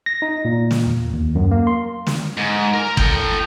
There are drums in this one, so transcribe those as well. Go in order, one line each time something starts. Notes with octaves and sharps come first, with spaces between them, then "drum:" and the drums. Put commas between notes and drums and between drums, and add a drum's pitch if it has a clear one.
A#6
D#4
A#2
drum: snare
E2
D#2
F#2
A#3
C6
drum: snare
G#2
A#4
A4 G5, drum: kick